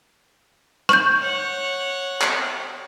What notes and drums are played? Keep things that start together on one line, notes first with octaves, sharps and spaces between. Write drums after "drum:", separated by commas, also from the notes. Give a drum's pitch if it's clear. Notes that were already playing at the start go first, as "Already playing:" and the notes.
C#6 G6, drum: rim click
C#5 F#5
drum: clap